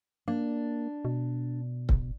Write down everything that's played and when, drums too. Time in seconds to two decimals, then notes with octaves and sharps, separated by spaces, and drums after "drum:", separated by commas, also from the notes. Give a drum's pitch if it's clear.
0.28 A#3 D4
1.05 B2
1.89 drum: kick C#1